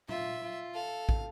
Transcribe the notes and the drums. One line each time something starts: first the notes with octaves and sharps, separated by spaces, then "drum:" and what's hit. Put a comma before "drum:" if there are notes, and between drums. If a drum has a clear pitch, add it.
F4 E5, drum: tom
F4
A4 F5
drum: kick